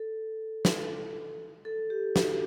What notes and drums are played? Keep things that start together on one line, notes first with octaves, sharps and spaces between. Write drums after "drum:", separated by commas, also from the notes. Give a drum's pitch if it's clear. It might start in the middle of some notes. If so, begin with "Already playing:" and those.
Already playing: A4
drum: snare
A4
G4
F#4, drum: snare